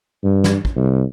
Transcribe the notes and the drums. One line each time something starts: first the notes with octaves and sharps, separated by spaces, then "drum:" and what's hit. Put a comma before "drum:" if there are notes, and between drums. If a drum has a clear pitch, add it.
G2
drum: snare
drum: kick
C2